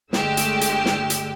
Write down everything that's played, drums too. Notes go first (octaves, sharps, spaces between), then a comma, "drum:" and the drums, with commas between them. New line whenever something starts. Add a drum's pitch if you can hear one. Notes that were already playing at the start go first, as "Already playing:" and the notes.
G1 D3 G#3 A3 G4 E6, drum: snare
drum: hi-hat
drum: hi-hat
drum: snare
drum: hi-hat